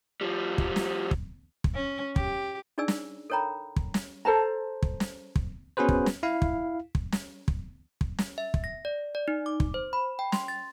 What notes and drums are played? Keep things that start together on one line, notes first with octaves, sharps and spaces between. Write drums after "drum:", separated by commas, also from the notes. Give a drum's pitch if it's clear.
F3 G3
drum: kick
drum: snare
drum: kick
drum: kick
C#4
G4, drum: kick
D4 D#4 G#4 D5 G#5 E6
drum: snare
A4 A#4 C#5 G5 A#5 B5
drum: kick
drum: snare
A4 C5 A5 A#5
drum: kick
drum: snare
drum: kick
B3 C#4 F#4 G#4 B4 C5
drum: kick
drum: snare
E4 F5
drum: kick
drum: kick
drum: snare
drum: kick
drum: kick
drum: snare
E5
drum: kick
A#6
D5
D5
D#4
D6
drum: kick
C5
B5
G5
C6, drum: snare
A6